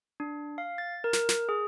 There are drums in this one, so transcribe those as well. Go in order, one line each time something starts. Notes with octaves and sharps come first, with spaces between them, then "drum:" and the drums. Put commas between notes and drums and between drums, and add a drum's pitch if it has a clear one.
D4
F5
A6
A#4
drum: snare
drum: snare
G#4